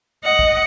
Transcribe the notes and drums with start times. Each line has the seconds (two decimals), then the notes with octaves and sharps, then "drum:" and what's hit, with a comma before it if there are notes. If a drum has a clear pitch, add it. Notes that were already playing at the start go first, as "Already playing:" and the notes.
0.23 D#5 F#5
0.39 drum: kick